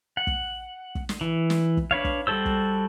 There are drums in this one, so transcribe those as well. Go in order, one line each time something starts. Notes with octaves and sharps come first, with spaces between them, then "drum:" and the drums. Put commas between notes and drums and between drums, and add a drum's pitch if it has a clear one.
F#5
drum: kick
drum: kick
drum: snare
E3
drum: snare
drum: kick
D4 B4 C#5 F5
drum: kick
G3 F#4 A4 C5 E6
drum: kick